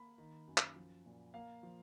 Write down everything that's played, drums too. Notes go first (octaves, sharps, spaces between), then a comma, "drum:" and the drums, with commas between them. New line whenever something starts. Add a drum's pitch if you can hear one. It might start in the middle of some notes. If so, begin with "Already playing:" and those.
Already playing: A#3 B5
D#3
F#2
drum: clap
F3
A#2
A#3 F5
F3